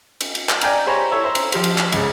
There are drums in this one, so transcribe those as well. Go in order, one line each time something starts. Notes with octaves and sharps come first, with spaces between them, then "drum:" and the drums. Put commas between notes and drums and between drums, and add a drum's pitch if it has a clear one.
drum: cymbal
drum: cymbal
drum: clap
D5 G5 G#5 A#5 F6, drum: cymbal
G4 C5 C#5 G#5 A#5 B5
E4 A4 C#5 E5
C5 E5 A#5
drum: cymbal
F3 G4 C5, drum: cymbal
drum: cymbal
drum: clap
C#2 G#2 C#3, drum: cymbal